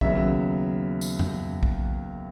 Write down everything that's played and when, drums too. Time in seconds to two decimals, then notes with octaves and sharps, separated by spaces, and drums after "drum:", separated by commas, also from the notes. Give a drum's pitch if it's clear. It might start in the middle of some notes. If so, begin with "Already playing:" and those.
0.01 D#2 C#3 F#3 B3 E5, drum: kick
1.01 drum: tambourine
1.19 drum: tom F2
1.63 drum: kick